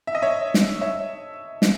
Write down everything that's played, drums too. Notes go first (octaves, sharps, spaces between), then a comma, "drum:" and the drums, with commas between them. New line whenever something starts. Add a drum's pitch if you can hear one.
E5
D#5
C#5 E5
drum: snare
C#5 E5
drum: snare